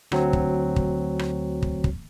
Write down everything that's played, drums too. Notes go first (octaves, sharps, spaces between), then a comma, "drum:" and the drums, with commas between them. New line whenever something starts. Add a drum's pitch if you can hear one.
D2 F#3 C4, drum: rim click
drum: kick
drum: kick
drum: rim click
drum: kick
drum: kick